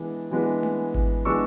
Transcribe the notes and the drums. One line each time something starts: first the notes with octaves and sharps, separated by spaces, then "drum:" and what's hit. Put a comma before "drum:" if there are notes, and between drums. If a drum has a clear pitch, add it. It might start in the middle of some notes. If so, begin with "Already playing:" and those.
Already playing: E3 G#3 B3 D4
E3 G#3 B3 D4
drum: tom A3
drum: kick G#1
E3 G#3 B3 D4 C#6 E6